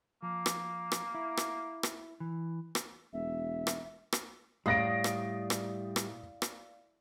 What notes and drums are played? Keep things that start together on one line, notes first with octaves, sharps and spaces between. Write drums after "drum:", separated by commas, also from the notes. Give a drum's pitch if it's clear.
F3 A#3
drum: rim click
drum: rim click
E4
drum: rim click
drum: rim click
E3
drum: rim click
E1 E5
drum: rim click
drum: rim click
A2 G3 D5 F5 D#6 A#6 C7 D7
drum: rim click
drum: rim click
drum: rim click
drum: rim click